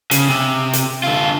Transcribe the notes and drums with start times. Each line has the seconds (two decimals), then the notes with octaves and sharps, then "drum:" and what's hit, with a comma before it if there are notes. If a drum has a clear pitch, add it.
0.11 C#3, drum: hi-hat
0.29 C3
0.73 drum: hi-hat
1.04 D3 F4